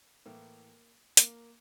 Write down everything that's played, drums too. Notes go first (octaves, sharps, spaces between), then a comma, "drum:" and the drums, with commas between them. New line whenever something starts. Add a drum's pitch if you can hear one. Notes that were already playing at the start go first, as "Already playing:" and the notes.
A2 E3 A#3
A#3, drum: hi-hat